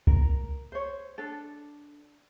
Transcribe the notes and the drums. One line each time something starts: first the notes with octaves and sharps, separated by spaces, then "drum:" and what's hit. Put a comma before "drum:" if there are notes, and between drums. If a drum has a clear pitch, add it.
A#4, drum: kick C2
C5 C#5
D4 A4